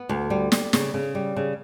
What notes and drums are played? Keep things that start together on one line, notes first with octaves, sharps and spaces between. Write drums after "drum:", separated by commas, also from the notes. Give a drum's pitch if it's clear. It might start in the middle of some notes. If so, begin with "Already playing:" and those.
Already playing: B3
D2
G3
G3, drum: snare
C#3, drum: snare
C#3
G3
C#3